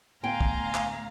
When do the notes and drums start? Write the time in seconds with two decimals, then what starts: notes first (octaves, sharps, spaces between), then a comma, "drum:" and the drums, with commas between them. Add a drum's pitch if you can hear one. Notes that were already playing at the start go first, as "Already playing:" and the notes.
0.24 D2 A2 B3 F5 G5 G#5 A#5 C6
0.41 drum: kick
0.75 drum: clap